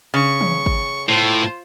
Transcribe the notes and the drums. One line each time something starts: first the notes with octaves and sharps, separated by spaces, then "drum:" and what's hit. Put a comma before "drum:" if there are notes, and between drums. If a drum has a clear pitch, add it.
C#3 C#6
drum: tom
drum: kick
A2 F4 C5